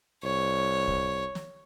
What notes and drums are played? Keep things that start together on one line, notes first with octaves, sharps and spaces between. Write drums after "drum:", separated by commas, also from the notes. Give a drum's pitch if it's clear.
C2 C#5
drum: kick C#2
drum: snare